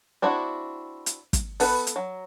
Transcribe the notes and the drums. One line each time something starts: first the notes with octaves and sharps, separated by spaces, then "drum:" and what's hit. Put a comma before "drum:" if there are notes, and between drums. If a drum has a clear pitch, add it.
C4 D4 E4 F#4
drum: hi-hat
drum: kick, hi-hat
B3 A4 B4, drum: open hi-hat
drum: hi-hat
F#3